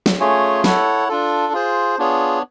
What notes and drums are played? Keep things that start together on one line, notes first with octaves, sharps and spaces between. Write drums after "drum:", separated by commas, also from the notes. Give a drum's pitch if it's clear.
drum: snare
A3 C#4 F4 G#4 C#5
E4 A4 C#5 F#5, drum: snare
D4 F4 A4
F4 G#4 C5
B3 D4 F4 G#4 C#5